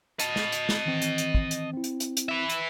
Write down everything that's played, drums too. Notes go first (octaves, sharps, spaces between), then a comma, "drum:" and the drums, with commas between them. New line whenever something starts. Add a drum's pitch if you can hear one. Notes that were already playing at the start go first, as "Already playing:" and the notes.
D#5 A5, drum: hi-hat
drum: snare
drum: hi-hat
drum: snare
D#3 E3 C4
drum: hi-hat
drum: hi-hat
drum: kick
drum: hi-hat
C4 E4
drum: hi-hat
drum: hi-hat
drum: hi-hat
B4 E5
drum: hi-hat